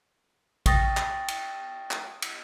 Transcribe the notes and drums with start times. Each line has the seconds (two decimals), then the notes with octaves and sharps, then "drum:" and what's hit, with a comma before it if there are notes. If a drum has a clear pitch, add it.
0.66 G5 C#6 D#6 A6 A#6, drum: kick A1, cymbal
0.97 drum: clap
1.28 drum: cymbal
1.91 drum: clap
2.22 drum: cymbal